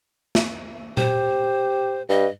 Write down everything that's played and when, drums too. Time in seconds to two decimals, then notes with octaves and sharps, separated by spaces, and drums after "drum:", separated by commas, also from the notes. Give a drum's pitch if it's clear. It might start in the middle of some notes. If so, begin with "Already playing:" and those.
0.35 drum: snare
0.97 G4 C5, drum: tom A#2
2.09 G2 D#5